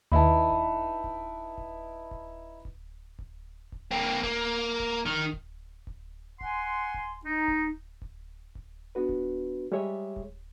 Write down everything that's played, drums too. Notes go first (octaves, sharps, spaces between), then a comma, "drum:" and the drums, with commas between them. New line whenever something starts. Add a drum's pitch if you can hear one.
D#2 D#4 E4 B4 A5 B5
drum: kick D1
drum: kick D1
drum: kick D1
drum: kick D1
drum: kick D1
drum: kick D1
drum: kick D1
A#3 C4
A#3, drum: kick D1
drum: kick D1
D#3
drum: kick D1
drum: kick D1
F#5 G#5 C6, drum: kick D1
drum: kick D1
D#4
drum: kick D1
drum: kick D1
drum: kick D1
B3 D4 F#4 B4
drum: kick D1
G3 G#3 G4 G#4 C#5 E5
drum: kick D1